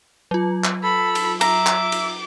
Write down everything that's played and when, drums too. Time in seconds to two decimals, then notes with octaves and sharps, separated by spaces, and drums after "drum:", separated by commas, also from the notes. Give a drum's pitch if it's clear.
0.31 F#3 F4
0.64 drum: clap
0.83 A4 B5
1.15 drum: cymbal
1.41 E5 A#5 D6, drum: cymbal
1.67 drum: clap
1.92 drum: cymbal